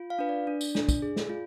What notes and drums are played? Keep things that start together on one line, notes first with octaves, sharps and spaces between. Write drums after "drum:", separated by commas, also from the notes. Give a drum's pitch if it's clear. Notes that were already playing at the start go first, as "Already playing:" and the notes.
Already playing: F4
F5
D4 B4
D5
D4
drum: tambourine
D4, drum: snare
drum: kick, tambourine
G#4
drum: snare
F4